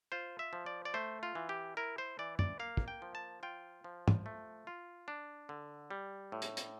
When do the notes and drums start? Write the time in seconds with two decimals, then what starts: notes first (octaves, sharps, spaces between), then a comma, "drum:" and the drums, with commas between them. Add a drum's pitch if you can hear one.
0.12 F4 C5
0.39 E5
0.53 F3
0.66 D5
0.85 D5
0.94 A3 C5
1.23 F4
1.35 E3
1.49 G4
1.77 E4 A#4
1.98 C5
2.19 E3 D5
2.39 D5, drum: tom
2.59 A#3 F5
2.77 drum: kick
2.88 G5
3.02 F3
3.15 A5
3.43 F4 G5
3.84 F3
4.08 drum: tom
4.26 A3
4.67 F4
5.08 D4
5.49 D3
5.91 G3
6.32 A2
6.42 drum: hi-hat
6.57 drum: hi-hat